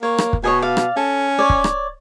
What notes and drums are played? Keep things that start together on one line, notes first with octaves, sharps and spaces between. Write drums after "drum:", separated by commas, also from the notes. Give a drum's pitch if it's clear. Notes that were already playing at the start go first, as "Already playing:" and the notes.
A#3 C#5
drum: rim click
drum: kick
B2 C#5 D#5 G#5
D5 F5
drum: rim click
C#4 A4
C#5 D5
drum: kick
drum: rim click